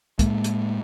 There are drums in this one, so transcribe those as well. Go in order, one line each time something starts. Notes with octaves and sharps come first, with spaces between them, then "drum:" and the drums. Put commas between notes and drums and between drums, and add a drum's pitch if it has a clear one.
A2 G#3 A#3, drum: kick, hi-hat
drum: hi-hat